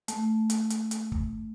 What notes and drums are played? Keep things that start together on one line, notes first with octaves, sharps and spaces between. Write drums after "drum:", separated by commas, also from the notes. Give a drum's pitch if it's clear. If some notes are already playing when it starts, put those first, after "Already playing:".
A3, drum: hi-hat
drum: hi-hat
drum: hi-hat
drum: hi-hat
drum: kick